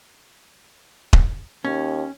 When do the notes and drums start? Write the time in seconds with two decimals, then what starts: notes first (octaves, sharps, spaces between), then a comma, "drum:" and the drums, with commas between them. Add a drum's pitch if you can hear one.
1.13 drum: kick D#1
1.65 D#2 C#4